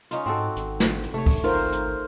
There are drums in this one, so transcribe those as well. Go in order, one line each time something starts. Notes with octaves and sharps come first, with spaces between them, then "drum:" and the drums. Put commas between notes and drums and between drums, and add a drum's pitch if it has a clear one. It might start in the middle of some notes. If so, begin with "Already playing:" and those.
C#4 D#4 F4, drum: hi-hat
G#2 C4 F#4 A4
G#1, drum: hi-hat
drum: snare
drum: hi-hat
C3 A3 C#5
drum: kick, open hi-hat
G#1 D#4 F4 A#4 C5 G5
drum: hi-hat